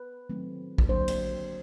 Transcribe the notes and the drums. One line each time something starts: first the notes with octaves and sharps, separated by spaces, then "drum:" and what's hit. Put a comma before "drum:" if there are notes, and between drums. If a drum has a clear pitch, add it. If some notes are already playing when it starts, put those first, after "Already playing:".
Already playing: B4
D#3 F#3 A3 C4
drum: kick
D3 F#3 A#3 D4 C5
drum: cymbal